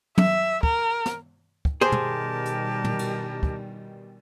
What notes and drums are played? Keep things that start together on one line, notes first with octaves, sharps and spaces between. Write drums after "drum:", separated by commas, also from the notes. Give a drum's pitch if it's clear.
E5, drum: tom
A#4, drum: kick
drum: snare
drum: kick
B2 D#3 G3 G4 G#4 A#4 C5 A5
drum: tom
drum: hi-hat
drum: tom
drum: cymbal
drum: kick